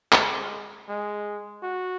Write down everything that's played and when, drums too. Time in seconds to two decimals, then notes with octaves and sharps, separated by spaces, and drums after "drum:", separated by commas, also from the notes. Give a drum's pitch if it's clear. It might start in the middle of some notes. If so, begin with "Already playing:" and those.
0.12 G#3, drum: clap
0.88 G#3
1.63 F#4